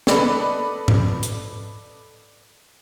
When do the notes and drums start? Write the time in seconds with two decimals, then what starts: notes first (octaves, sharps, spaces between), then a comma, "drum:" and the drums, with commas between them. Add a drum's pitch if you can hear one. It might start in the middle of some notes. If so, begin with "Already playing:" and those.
0.07 A4 B4 D5 D#5, drum: snare
0.88 drum: tom G#2
1.23 drum: hi-hat